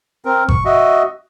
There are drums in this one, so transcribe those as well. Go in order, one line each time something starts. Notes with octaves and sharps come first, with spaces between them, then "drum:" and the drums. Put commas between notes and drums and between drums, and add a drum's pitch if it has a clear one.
C4 A#4
C#6, drum: kick G#1
F#4 D#5 E5